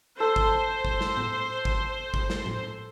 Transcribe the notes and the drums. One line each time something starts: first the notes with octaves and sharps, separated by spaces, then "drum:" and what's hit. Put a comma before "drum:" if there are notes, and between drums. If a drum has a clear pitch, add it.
A4 C5
drum: kick
drum: kick
drum: snare
drum: tom A2
drum: kick
drum: kick
drum: snare
drum: tom A2